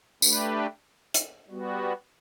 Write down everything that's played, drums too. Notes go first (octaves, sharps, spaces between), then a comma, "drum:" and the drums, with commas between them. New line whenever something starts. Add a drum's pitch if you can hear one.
A3 D4 G4 B4, drum: tambourine
drum: hi-hat
G3 B3 F#4